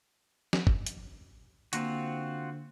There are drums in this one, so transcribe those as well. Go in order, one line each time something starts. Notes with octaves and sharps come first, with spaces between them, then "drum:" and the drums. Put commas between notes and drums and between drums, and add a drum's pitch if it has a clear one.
drum: snare
drum: kick
drum: hi-hat
D3 A#3 C4 F4 F#4 A#6, drum: hi-hat